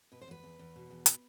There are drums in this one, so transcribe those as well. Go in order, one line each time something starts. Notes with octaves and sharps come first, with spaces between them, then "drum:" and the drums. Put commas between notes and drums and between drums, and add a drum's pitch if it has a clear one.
B2 B4
C5
E2 B4
E2
E2
B2
E2
drum: hi-hat